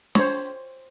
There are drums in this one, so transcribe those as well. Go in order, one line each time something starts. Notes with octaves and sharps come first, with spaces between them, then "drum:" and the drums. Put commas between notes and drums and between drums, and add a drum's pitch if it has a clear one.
C5 C#5, drum: snare